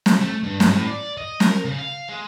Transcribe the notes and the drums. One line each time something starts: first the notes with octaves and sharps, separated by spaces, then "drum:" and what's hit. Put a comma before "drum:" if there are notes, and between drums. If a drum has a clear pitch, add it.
drum: snare
A3
G2
drum: snare
A2
D5
D#5
A#4, drum: snare
C#3
F5
G#3